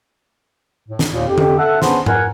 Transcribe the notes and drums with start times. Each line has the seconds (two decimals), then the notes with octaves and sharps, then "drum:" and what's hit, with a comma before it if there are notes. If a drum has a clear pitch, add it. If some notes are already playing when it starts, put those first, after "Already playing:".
0.89 A2
0.99 drum: snare
1.10 D#2 A#2
1.28 F2 G4
1.38 drum: tom D3
1.58 A4 E5 F#5
1.82 B3 C#4 D4 G#4 B4 C5, drum: snare
2.06 A#4 F#5 G#5, drum: tom G#2